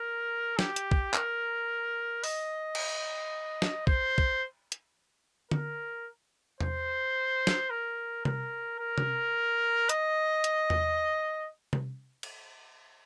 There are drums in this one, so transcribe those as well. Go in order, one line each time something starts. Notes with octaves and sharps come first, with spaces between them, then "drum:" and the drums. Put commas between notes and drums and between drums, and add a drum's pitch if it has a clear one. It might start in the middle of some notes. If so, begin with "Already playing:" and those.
Already playing: A#4
G4, drum: snare
drum: hi-hat
drum: kick
A#4, drum: clap
D#5, drum: open hi-hat
drum: cymbal
drum: snare
C5, drum: kick
drum: kick
drum: hi-hat
A#4, drum: tom D3
C5, drum: tom E2
drum: snare
A#4
A#4, drum: tom C3
A#4
drum: tom C3
D#5, drum: hi-hat
drum: hi-hat
drum: tom E2
drum: tom C3
drum: cymbal